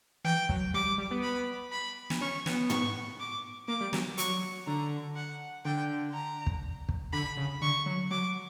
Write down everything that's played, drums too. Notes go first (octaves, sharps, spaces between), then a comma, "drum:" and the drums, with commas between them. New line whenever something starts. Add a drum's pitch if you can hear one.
E3 G5
F#3, drum: kick
G3 D6
G3
B3
B5
B5
drum: snare
C#4 C#6
B3, drum: snare
C#6, drum: tom
D6
A#3 D6
G3
F#3, drum: snare
F#3 C#6, drum: hi-hat
D3 A#5
F#5
D3 G5
A#5
drum: kick
drum: kick
D3 B5
C#3
D3 C#6
F#3
F#3 D6